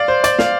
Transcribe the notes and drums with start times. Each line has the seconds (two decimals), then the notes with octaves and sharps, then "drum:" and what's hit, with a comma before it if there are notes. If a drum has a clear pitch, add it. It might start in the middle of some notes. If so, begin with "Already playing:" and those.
Already playing: D5 F5
0.08 C5
0.24 D5, drum: hi-hat
0.39 F5, drum: snare